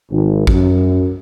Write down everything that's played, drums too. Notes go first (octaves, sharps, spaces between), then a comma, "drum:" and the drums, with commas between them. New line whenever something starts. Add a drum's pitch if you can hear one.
G#1
F#2, drum: kick